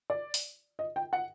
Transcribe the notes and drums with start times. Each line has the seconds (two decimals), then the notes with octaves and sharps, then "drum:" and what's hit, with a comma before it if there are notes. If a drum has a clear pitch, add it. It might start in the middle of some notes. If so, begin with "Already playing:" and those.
0.10 D5
0.34 drum: open hi-hat
0.79 D#5
0.96 G5
1.13 F#5